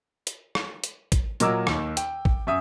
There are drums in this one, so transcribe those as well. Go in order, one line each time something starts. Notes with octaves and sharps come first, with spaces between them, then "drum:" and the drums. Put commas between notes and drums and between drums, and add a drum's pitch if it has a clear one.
drum: hi-hat
drum: rim click
drum: hi-hat
drum: kick, hi-hat
A#2 F#3 A#4 D#5 D6 E6, drum: hi-hat
D#2 D#3, drum: rim click
G5, drum: hi-hat
drum: kick
F#2 E5 D#6